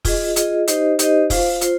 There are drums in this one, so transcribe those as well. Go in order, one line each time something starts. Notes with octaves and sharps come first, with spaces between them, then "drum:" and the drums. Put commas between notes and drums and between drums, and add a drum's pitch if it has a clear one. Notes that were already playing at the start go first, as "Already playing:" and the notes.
F4 G#4 D#5, drum: kick, open hi-hat
F4 G#4 D#5, drum: hi-hat
D#4 G4 C5 D#5, drum: hi-hat
D#4 G4 C5 D#5, drum: hi-hat
F4 C5 F5, drum: kick, open hi-hat
F4 C5, drum: hi-hat